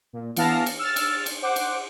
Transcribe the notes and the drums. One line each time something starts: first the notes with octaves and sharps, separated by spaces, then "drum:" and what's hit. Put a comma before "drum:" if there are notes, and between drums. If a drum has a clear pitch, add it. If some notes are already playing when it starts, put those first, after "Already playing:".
A#2
E3 B3 F5 A5 F6 A#6, drum: cymbal
drum: cymbal
E6 F6 A6
drum: cymbal
drum: cymbal
C5 F#5 D6
drum: cymbal